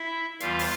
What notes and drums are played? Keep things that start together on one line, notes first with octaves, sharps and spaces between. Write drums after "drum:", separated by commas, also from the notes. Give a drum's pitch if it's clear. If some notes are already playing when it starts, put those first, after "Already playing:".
Already playing: E4 E5
E2 E3 G3 F4 F5, drum: hi-hat
drum: open hi-hat